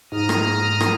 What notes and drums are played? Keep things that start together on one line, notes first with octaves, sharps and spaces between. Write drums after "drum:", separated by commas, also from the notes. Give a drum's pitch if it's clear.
G#2 A#5 D#6 F6
drum: rim click
drum: rim click